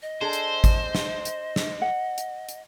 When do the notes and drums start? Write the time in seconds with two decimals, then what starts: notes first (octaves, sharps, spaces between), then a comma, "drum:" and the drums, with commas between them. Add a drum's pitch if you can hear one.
0.02 D#5
0.21 D4 G#4 A4 C5
0.33 drum: hi-hat
0.64 drum: kick G#1, hi-hat
0.95 drum: snare
1.25 drum: hi-hat
1.56 drum: snare
1.82 F#5
2.18 drum: hi-hat
2.49 drum: hi-hat